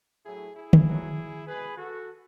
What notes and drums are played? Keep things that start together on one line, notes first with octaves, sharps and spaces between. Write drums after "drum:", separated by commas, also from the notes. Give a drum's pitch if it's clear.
A2 F#3 A3 E4 G#4
E4 G#4
drum: tom D3
B2 F#3 A3
B2 G#3 G#4 B4
F#4 A4